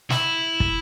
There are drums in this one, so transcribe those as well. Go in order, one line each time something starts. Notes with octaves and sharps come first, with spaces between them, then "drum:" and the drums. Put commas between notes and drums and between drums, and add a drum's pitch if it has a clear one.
E4, drum: snare
drum: kick